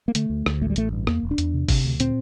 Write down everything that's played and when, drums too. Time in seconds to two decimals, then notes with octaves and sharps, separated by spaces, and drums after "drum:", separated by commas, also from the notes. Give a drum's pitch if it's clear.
0.08 A#3
0.15 D3 A3, drum: hi-hat
0.30 D2
0.46 D2, drum: rim click
0.61 A1 A3
0.70 G3
0.76 A1 A3, drum: hi-hat
0.93 G2
1.07 E2 A#3, drum: rim click
1.23 E1
1.31 D4
1.38 E2, drum: hi-hat
1.54 C3
1.69 C3, drum: kick G1, open hi-hat
1.85 D2
2.00 A#2 C4, drum: hi-hat